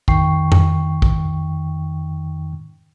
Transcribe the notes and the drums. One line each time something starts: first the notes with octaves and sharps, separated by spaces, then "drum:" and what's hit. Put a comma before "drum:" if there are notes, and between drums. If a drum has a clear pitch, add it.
F2 D#3 G5 C#6 C7, drum: kick
drum: tom F2
drum: kick